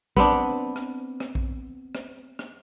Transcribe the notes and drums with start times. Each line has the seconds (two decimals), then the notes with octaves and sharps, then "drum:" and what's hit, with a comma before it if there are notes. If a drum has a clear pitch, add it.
0.16 B3 C4 D4, drum: kick A#1
0.76 drum: rim click
1.20 drum: rim click
1.35 drum: kick A#1
1.95 drum: rim click
2.39 drum: rim click